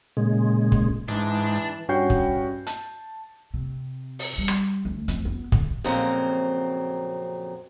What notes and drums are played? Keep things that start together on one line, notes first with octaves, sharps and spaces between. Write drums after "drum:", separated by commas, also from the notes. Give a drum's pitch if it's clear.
A#2 C#3 G#3
drum: kick
G#2 E3 D4
G2 C#4 F#4 G5 G6 C7
drum: kick
A5, drum: hi-hat
C3
drum: open hi-hat
G3
drum: rim click
D2
F2, drum: hi-hat
B3
D3, drum: kick
F2 A#2 C#3 F#3 C4 A#5